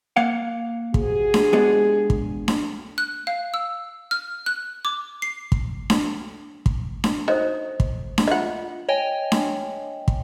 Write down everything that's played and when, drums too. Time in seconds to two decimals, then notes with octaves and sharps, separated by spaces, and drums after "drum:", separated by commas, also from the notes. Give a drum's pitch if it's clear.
0.16 A#3 F5 F#5
0.94 C3 F#4 G#4, drum: kick
1.34 drum: snare D4
1.53 G#3 B3 D4
2.10 drum: kick
2.48 drum: snare D4
2.98 F#6
3.27 F5
3.54 E6
4.11 F6
4.46 F#6
4.85 D6
5.22 C7
5.52 drum: kick
5.90 drum: snare D4
6.66 drum: kick
7.04 drum: snare D4
7.28 D#4 F#4 A4 C5 D#5
7.80 drum: kick
8.18 drum: snare D4
8.28 F4 D#5 E5 F#5
8.89 C#5 D#5 G5 G#5
9.32 drum: snare D4
10.08 drum: kick